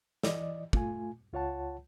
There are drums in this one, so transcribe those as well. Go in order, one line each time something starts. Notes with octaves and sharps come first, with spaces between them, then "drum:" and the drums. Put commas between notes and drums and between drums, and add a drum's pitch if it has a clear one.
E3 D5 D#5, drum: snare
A3 F4 G#5, drum: kick
C#2 F4 C#5 F#5 A5